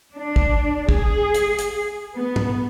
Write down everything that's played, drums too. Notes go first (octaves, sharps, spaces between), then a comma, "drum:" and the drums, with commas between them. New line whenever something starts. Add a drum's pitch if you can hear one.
D4
drum: kick
G#4, drum: kick
drum: hi-hat
drum: hi-hat
B3
drum: tom